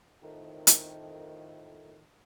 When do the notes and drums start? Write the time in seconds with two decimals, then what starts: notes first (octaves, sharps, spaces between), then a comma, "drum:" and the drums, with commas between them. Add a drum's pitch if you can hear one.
0.23 F2 A2 D#3
0.67 drum: hi-hat